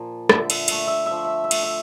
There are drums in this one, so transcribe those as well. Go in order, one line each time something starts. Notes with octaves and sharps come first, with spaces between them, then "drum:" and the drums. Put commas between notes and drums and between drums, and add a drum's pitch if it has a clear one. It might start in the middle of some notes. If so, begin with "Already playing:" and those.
Already playing: A#2 F3
D3 E5, drum: rim click
E5, drum: cymbal
A3 E5, drum: cymbal
E5
F3 E5
E5
E5
A3, drum: cymbal
E5